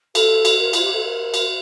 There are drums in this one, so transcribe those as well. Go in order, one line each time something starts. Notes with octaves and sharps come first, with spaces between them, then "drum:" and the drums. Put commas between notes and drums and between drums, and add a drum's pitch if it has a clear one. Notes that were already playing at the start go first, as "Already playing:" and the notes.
A4, drum: cymbal
drum: cymbal
A#4
F4, drum: cymbal
G4
A4
A#4
drum: cymbal